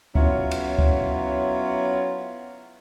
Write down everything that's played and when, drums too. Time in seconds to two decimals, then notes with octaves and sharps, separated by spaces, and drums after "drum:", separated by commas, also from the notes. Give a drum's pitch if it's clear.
0.15 F#3 B3 C#4 E4 F4, drum: kick C#2
0.51 drum: cymbal
0.79 drum: kick C#2